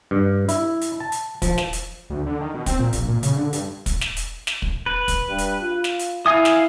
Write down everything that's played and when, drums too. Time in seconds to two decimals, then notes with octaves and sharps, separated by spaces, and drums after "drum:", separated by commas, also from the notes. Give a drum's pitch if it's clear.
0.11 G2
0.49 E4, drum: hi-hat
0.81 drum: hi-hat
1.00 A5
1.12 drum: hi-hat
1.42 F3, drum: kick, hi-hat
1.58 drum: snare
1.73 drum: hi-hat
2.10 D2
2.26 D3
2.40 D#3
2.54 B2
2.66 C4, drum: kick, hi-hat
2.79 A#2
2.93 A#1, drum: hi-hat
3.08 A#2
3.23 C#3, drum: hi-hat
3.36 D3
3.53 G2, drum: hi-hat
3.86 drum: kick, hi-hat
4.01 drum: snare
4.17 drum: hi-hat
4.47 drum: snare
4.62 drum: kick
4.86 B4
5.08 drum: kick, hi-hat
5.29 G2
5.38 drum: hi-hat
5.62 F4
5.84 drum: snare
5.99 drum: hi-hat
6.26 E4 F5 G#5 D#6
6.45 drum: snare